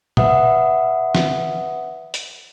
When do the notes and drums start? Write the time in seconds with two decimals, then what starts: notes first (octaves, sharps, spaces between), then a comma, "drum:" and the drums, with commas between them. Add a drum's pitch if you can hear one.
0.17 B4 E5 F#5 D#6, drum: tom A#2
1.15 drum: snare
2.14 drum: hi-hat